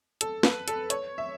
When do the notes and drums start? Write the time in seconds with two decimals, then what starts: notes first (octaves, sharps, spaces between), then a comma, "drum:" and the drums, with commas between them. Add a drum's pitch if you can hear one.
0.21 A4, drum: hi-hat
0.43 B4, drum: snare
0.68 A4, drum: hi-hat
0.90 C#5, drum: hi-hat
1.18 E5